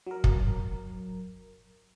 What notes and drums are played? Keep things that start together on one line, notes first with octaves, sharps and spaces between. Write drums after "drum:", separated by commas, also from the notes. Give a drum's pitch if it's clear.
F#3 A#4
drum: kick